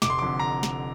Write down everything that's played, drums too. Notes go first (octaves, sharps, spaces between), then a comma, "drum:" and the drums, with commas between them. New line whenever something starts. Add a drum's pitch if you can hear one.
F1 D6, drum: snare
C6
F2 D3 D6
A#5
drum: snare